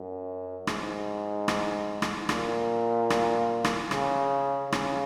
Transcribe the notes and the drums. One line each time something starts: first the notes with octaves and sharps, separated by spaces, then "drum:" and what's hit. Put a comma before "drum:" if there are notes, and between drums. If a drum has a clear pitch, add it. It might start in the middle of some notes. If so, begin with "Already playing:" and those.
Already playing: F#2
G#2, drum: rim click
drum: rim click
drum: rim click
A#2, drum: rim click
drum: rim click
drum: rim click
C#3, drum: rim click
C#3, drum: rim click